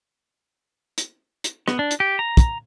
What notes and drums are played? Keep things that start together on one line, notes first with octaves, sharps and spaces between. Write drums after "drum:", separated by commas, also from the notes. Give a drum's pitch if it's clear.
drum: hi-hat
drum: hi-hat
B3, drum: rim click
D4
drum: hi-hat
G4
A#5
drum: kick, hi-hat